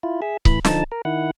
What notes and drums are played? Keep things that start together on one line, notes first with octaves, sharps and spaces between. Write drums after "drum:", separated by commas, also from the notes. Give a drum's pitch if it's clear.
E4 F4
G#4 E5
A2 E3 B5, drum: kick C#1
D3 F3 D#4 A5, drum: snare
A#4
D#3 E4 F#5